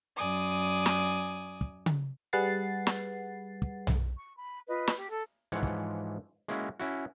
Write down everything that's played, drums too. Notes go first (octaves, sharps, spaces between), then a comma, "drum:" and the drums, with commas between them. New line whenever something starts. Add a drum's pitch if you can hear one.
F#2 D5 G#5 D#6
drum: snare
drum: kick
drum: tom C#3
G3 G#4 B4 F#5 A6 C7
drum: snare
drum: kick
drum: tom B1
C#6
B5
F4 B4 D#5
drum: snare
G4
A4
G#2 E3 F3 C#5 F#5
drum: kick
G#3 A#3 C#4 E4 F#4
C#4 E4 F#4